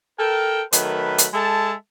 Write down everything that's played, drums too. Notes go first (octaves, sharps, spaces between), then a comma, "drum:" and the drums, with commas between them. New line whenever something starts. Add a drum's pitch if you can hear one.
A4 A#4 G5
D#3 F#3 A3 A#4 B4, drum: hi-hat
drum: hi-hat
G#3 A4 E5 A5